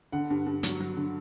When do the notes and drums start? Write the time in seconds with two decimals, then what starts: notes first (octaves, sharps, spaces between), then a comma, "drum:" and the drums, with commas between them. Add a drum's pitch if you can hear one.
0.12 D3 F#5
0.30 G2
0.46 G2
0.63 F#3, drum: hi-hat
0.80 F#3
0.96 D3